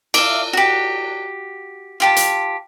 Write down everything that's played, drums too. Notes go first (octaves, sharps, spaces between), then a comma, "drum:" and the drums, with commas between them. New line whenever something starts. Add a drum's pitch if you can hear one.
D5 E5 F5, drum: cymbal
F#4 G4
F4 G4 A5
drum: hi-hat